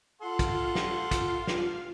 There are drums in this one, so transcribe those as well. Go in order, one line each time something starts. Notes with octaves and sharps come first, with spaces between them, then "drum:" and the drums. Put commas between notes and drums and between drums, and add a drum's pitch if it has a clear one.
F4 A4 F5 F#5 C6
drum: kick, hi-hat
drum: snare
drum: kick, hi-hat
drum: snare